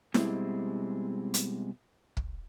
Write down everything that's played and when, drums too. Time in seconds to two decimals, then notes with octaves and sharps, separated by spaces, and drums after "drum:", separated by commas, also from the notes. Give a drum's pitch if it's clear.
0.14 B2 G3 G#3 C4 E4, drum: snare E4
1.34 drum: hi-hat
2.17 drum: kick